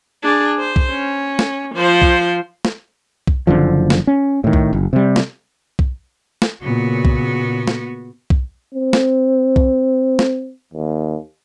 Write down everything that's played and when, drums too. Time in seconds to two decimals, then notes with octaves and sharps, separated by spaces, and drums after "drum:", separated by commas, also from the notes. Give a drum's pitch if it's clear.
0.24 D4 G#4
0.59 C5
0.76 drum: kick B1
0.91 C#4
1.39 drum: snare
1.75 F3 C5
2.02 drum: kick B1
2.65 drum: snare
3.27 drum: kick B1
3.47 F#1 D2 D3 F3
3.90 drum: snare
4.07 C#4
4.44 A2 D#3
4.53 drum: kick B1
4.73 F#1
4.93 C3 G3
5.16 drum: snare
5.79 drum: kick B1
6.42 drum: snare
6.63 A#2 C#3 B3 F#4
7.05 drum: kick B1
7.67 drum: snare
8.30 drum: kick B1
8.74 C4
8.93 drum: snare
9.56 drum: kick B1
10.19 drum: snare
10.73 D#2